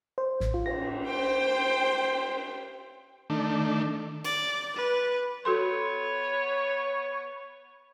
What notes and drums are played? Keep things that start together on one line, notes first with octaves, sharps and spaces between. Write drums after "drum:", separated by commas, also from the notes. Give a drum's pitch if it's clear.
C5
A1, drum: snare
F4
A#6, drum: cymbal
C5 G5
D#3 A3 D4
D5, drum: cymbal
B4
B3 F#4 A4 C#5 C6